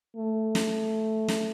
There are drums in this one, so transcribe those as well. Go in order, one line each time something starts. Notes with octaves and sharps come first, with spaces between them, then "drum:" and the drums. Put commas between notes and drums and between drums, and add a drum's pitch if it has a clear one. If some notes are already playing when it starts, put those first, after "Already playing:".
A3
drum: snare
drum: snare